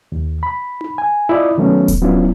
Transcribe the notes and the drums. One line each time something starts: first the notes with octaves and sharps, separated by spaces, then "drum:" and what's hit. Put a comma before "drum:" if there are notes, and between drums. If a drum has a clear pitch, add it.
D#2
B5
drum: tom D#4
G#5
E4 F4 D5 D#5
D#3 F#3 A3 B3 C#4
drum: kick D1, hi-hat
F#3 B3 C#4 D4 E4 F4